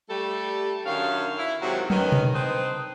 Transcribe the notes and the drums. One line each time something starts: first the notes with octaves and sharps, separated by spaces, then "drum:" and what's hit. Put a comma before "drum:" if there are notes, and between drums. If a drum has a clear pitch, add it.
G3 A3 A4
F#2 D3 D#3 C#4 F5
E4
G#2 C3 D#3 F#3 F#4
D#3 B3 C#4, drum: tom
drum: tom B2
C4 D4 D#4 G#4 B4 C5